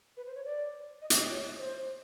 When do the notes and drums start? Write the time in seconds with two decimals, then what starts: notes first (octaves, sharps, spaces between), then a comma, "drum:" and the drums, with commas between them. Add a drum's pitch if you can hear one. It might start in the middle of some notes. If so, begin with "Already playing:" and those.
0.17 B4
0.27 C5
0.35 C#5
0.45 D5
1.02 D#5
1.10 E5, drum: hi-hat
1.20 D#5
1.30 C#5
1.58 C5